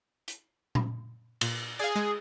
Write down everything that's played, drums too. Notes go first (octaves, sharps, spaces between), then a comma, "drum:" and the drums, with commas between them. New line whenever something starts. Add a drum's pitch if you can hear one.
drum: hi-hat
drum: tom A#2
A#2, drum: cymbal
G#4 D5 F5
G#3